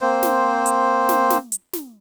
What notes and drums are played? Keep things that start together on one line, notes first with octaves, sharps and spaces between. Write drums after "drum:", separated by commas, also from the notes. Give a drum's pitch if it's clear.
A#3 C4 C5
drum: snare
drum: hi-hat
drum: snare
drum: snare
drum: hi-hat
drum: snare